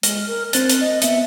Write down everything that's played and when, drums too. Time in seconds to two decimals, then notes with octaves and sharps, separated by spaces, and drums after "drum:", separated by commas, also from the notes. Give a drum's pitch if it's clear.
0.03 G#3 F6, drum: hi-hat
0.27 A#4
0.53 C4 C5 F#6 A6, drum: hi-hat
0.70 drum: hi-hat
0.80 D#5
1.02 B3 E5 C#7, drum: hi-hat